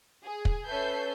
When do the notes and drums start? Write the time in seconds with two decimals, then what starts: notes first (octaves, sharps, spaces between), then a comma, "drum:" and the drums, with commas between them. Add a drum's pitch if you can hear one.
0.24 G#4
0.45 drum: kick
0.67 C#4 A4 B4 E5 G6 C7